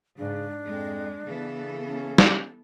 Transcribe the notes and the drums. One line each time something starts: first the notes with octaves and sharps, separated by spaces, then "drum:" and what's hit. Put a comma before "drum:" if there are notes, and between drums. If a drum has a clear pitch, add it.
G#2 C#3 D4
F2 G#3
C#3 E3 B3 A4
C#4
drum: snare